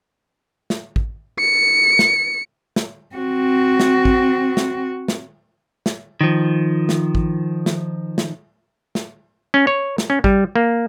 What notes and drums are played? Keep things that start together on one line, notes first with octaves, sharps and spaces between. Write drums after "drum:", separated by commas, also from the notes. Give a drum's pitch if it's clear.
drum: snare
drum: kick
C#7
drum: snare
drum: snare
C4 F#4
drum: snare
drum: kick
drum: snare
drum: snare
drum: snare
D#3 F3
drum: snare
drum: kick
drum: snare
drum: snare
drum: snare
C#4
C#5
drum: snare
C#4
G3, drum: kick
A#3